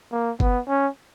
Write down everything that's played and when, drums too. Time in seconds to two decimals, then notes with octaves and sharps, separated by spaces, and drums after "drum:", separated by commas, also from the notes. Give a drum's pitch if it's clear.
0.12 A#3
0.40 B3, drum: kick G1
0.68 C#4